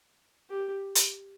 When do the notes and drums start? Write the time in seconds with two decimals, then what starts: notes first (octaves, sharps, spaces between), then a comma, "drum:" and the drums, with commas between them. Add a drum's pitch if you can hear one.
0.50 G4
0.95 drum: hi-hat